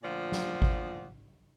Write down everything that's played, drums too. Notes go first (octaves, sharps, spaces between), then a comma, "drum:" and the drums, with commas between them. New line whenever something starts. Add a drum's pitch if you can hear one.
D2 A#2 F3 D5 F#5
drum: snare
drum: kick G#1